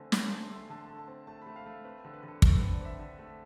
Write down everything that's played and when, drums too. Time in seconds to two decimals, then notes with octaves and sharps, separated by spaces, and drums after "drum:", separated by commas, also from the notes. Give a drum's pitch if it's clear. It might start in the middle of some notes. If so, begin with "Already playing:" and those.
Already playing: D3 A3 C4 G#5
0.12 A3 A5, drum: snare
0.27 C4 C6
0.41 C6
0.51 A3
0.56 C6
0.70 D3 A5
0.84 A5
0.90 A3
0.98 A5
1.08 C4
1.27 A3 A5
1.42 A3 B5
1.56 F5
1.66 A3
1.85 C4 B4
2.05 D3
2.14 B4
2.23 D3 A4
2.42 C4 A4, drum: kick
2.57 D3 B4
2.71 D5
2.81 C4 E5
2.99 D3
3.19 A3